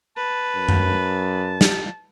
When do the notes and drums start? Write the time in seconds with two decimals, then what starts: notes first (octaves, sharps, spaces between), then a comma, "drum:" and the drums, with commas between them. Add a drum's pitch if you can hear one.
0.17 B4 A5
0.56 F#2
0.68 drum: tom F#2
1.61 drum: snare